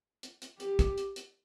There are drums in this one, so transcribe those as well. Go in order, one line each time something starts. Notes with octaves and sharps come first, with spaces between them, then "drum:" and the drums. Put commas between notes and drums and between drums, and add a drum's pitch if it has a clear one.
drum: hi-hat
drum: hi-hat
G4, drum: hi-hat
drum: kick, hi-hat
drum: hi-hat
drum: hi-hat